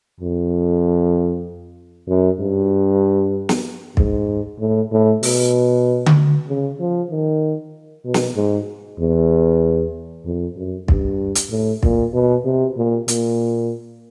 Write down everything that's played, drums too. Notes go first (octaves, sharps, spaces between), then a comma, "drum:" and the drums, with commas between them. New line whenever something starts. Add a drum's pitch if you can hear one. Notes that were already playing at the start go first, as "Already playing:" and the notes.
F2
F#2
G2
drum: snare
G#2, drum: kick
A2
A2
B2, drum: open hi-hat
drum: tom D3
C#3
F3
D#3
B2
drum: snare
G#2
E2
F2
F#2
G2, drum: kick
drum: hi-hat
A2
A#2, drum: kick
B2
C3
A#2
A#2, drum: hi-hat